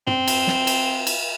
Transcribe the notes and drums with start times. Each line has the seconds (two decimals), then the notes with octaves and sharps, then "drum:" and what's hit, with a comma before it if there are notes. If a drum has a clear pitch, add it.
0.07 C4, drum: tom
0.28 drum: cymbal
0.47 drum: snare
0.67 drum: cymbal
1.07 drum: cymbal